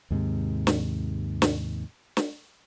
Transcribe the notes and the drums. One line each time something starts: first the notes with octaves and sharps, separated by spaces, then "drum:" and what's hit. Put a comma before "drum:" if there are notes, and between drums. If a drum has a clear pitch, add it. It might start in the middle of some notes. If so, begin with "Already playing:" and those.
D#2 G#2 C3
drum: snare
drum: snare
drum: snare